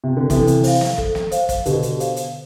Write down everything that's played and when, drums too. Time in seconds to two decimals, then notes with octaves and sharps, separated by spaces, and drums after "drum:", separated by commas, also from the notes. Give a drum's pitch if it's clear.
0.04 C3
0.17 D3
0.30 C3 E3 A4, drum: kick, hi-hat
0.47 drum: hi-hat
0.64 C5 F5, drum: open hi-hat
0.81 drum: snare
0.98 A4, drum: kick
1.15 drum: snare
1.32 C5 F5, drum: hi-hat
1.49 drum: kick, hi-hat
1.65 B2 D3 G4, drum: hi-hat
1.83 drum: hi-hat
2.00 C5 F5, drum: hi-hat
2.16 drum: hi-hat